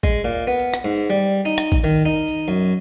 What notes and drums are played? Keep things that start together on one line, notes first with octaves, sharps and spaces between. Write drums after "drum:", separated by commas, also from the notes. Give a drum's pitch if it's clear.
G#3, drum: kick A1, tambourine
A#2
B3
drum: tambourine
drum: rim click
G#2
G3
D#4, drum: tambourine
drum: rim click
drum: kick A1, tambourine
D#3, drum: tambourine
D#4
drum: tambourine
F#2